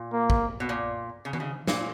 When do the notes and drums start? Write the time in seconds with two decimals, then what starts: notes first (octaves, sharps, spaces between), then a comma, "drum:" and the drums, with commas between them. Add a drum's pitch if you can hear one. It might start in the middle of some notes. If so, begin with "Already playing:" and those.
Already playing: A#2
0.13 A#3
0.30 drum: kick
0.60 B2
0.69 A#2
1.25 C#3
1.33 B2, drum: tom D#3
1.40 C#3
1.67 A#2, drum: snare